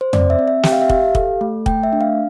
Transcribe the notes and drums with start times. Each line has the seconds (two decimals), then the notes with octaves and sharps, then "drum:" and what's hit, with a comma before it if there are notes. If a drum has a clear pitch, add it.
0.01 C5
0.13 C4 D5, drum: tom
0.30 E5
0.39 C4
0.48 E5
0.63 G4 G5, drum: snare
0.72 F5
0.82 E5
0.90 G4 F5, drum: kick
1.15 A4, drum: kick
1.41 A3
1.66 A3 G5, drum: kick
1.83 E5
1.93 D4
2.01 F5